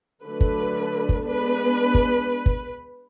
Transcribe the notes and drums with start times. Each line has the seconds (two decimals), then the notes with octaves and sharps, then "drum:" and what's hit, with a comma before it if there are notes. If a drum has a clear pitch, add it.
0.24 D3 F#3 A3 D4 B4
0.41 drum: kick
1.09 drum: kick
1.26 G#3 B3 D4 B4
1.95 drum: kick
2.46 drum: kick